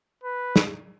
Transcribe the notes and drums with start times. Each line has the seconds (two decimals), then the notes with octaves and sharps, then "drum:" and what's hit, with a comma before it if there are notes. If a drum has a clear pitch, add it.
0.24 B4
0.56 drum: snare